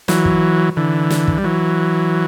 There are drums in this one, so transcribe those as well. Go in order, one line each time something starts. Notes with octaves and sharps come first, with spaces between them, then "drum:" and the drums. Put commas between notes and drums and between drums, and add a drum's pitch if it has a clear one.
E3 F#3, drum: snare
drum: kick
D3 E3
drum: snare
drum: kick
G3
E3 F#3